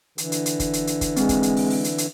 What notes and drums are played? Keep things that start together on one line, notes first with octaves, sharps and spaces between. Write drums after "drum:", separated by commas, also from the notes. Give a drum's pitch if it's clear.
D3 E3, drum: hi-hat
drum: hi-hat
drum: hi-hat
drum: kick, hi-hat
drum: hi-hat
drum: hi-hat
drum: kick, hi-hat
G#3 C4, drum: hi-hat
drum: kick, hi-hat
drum: hi-hat
drum: open hi-hat
drum: open hi-hat
drum: hi-hat
drum: hi-hat